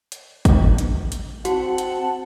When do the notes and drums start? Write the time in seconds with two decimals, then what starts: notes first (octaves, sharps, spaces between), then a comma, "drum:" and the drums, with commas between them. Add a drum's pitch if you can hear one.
0.12 drum: hi-hat
0.45 drum: kick, hi-hat
0.78 drum: hi-hat
1.12 drum: hi-hat
1.45 C4 F#4 F#5 A5, drum: hi-hat
1.78 drum: hi-hat